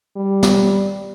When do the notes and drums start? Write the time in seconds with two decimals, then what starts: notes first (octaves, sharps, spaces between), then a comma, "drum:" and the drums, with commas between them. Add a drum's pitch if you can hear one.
0.17 G3
0.43 drum: snare